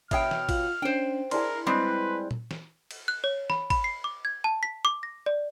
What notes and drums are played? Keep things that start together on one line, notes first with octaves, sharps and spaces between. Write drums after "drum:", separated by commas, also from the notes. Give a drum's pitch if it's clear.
B2 C#5 D#5 E5 G5 D#6 F6, drum: kick G#1, cymbal
drum: snare
F4 F5, drum: kick G#1, cymbal
C#4 D4 C5 G5
D4 E4 G#4 A#4 C6, drum: cymbal
G3 G#3 C4 B4 C6
drum: tom A#2
drum: snare
drum: cymbal
F#6
C#5
B5, drum: snare
B5, drum: kick G#1, cymbal
C7
D6
G#6
A5
B6
D6
A#6
D5